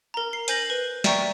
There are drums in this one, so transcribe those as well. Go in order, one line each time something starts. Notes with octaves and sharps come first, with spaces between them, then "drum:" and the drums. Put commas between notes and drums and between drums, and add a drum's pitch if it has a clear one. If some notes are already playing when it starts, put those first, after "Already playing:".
A#4 A#5
C7
C5 G#5 G6 A#6 F#7, drum: hi-hat
B4
D5 E5 G5 A#5 C#6, drum: snare